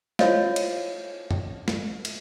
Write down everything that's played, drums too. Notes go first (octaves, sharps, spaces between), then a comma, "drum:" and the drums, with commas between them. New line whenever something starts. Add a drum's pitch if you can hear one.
E4 F4 C5 C#5 D#5 F5, drum: snare
drum: cymbal
drum: tom F#2
drum: snare
drum: cymbal